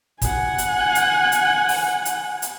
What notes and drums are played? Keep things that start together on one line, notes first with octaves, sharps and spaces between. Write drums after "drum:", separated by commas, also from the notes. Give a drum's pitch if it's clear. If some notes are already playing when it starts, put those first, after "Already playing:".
F#5 G#5, drum: kick, hi-hat
drum: hi-hat
drum: hi-hat
drum: hi-hat
drum: open hi-hat
drum: hi-hat
drum: hi-hat